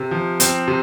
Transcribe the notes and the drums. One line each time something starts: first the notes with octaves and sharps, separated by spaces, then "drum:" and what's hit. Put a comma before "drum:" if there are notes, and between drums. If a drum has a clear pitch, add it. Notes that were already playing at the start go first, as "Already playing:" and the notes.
Already playing: C3
F3
C4, drum: hi-hat
C3